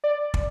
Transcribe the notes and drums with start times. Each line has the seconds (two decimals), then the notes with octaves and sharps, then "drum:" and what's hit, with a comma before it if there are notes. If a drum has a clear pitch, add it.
0.04 D5
0.34 drum: kick